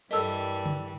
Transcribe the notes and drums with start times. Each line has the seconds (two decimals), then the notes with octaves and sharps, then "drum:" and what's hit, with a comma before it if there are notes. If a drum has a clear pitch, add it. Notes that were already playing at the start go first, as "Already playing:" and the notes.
0.11 G2 E3 G3 A4 A#4 D#5 A5 E6, drum: cymbal
0.66 drum: tom C#3